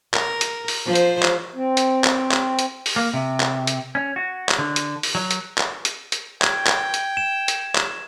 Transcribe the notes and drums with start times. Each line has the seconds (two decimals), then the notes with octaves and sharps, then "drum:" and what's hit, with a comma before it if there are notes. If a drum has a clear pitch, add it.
0.14 A#4, drum: clap
0.41 drum: hi-hat
0.68 drum: open hi-hat
0.86 F3 C5
0.95 drum: hi-hat
1.23 drum: clap
1.55 C4
1.77 drum: hi-hat
2.04 drum: clap
2.31 drum: clap
2.59 drum: hi-hat
2.86 drum: open hi-hat
2.96 A#3
3.14 C3
3.40 drum: clap
3.67 drum: hi-hat
3.95 C#4
4.16 F#4
4.49 drum: clap
4.59 D3
4.76 drum: hi-hat
5.03 drum: open hi-hat
5.15 F#3
5.31 drum: hi-hat
5.58 drum: clap
5.85 drum: hi-hat
6.12 drum: hi-hat
6.42 G5 G#6, drum: clap
6.67 drum: clap
6.94 drum: hi-hat
7.17 E7
7.48 drum: hi-hat
7.75 drum: clap